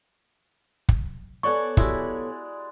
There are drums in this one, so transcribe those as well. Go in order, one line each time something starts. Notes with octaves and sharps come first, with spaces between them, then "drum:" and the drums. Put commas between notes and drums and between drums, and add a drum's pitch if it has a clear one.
drum: kick
B3 A4 C#5 D5 F#5 G#5 C#6
G#3 E4 F#4 G4, drum: kick